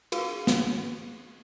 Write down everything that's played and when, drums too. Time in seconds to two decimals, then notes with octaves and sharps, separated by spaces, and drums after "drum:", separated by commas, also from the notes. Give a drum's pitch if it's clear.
0.12 F#4 G#4 A#4 B4 F5, drum: cymbal
0.47 drum: snare